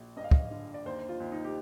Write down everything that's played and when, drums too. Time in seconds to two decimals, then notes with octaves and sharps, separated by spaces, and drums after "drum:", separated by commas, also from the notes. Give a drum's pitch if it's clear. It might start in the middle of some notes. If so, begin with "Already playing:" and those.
Already playing: A#1
0.16 G2 D#5
0.24 F5
0.31 D#5, drum: kick
0.51 D3
0.74 D5
0.86 D#2 C5
1.09 F4
1.20 D#2
1.32 D#4
1.44 G4